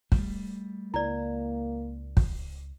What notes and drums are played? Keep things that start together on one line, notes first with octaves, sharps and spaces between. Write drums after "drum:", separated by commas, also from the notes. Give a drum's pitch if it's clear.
G3 A3, drum: kick
C#2 A#3 E4 D5
drum: kick